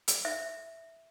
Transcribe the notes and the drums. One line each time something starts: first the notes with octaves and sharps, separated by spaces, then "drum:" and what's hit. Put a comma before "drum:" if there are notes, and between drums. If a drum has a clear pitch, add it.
drum: hi-hat
E5